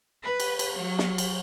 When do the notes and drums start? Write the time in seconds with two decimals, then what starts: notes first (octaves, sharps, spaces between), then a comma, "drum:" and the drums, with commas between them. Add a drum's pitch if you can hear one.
0.23 B4
0.40 drum: cymbal
0.59 drum: cymbal
0.79 F#3
0.99 drum: snare
1.18 drum: cymbal